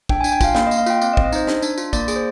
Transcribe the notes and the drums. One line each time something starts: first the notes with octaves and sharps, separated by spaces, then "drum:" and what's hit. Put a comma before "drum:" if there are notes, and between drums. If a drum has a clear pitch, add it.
D4 G5, drum: kick
G#5
D4, drum: tambourine
G5
F4 F5, drum: kick, tambourine
A#3 F5, drum: snare
D#5
A#3, drum: tambourine
F5
F4 G5, drum: tambourine
C4 F5, drum: tambourine
D#5
C4, drum: kick
D#5
D#4 C5, drum: tambourine
D4, drum: snare
D4, drum: tambourine
F4, drum: tambourine
A#3 D5, drum: kick, tambourine
G#4, drum: tambourine
C5